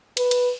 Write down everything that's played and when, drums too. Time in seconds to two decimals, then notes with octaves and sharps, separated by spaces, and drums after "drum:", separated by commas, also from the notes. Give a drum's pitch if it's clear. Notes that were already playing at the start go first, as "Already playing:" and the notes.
0.17 B4, drum: cymbal
0.31 drum: cymbal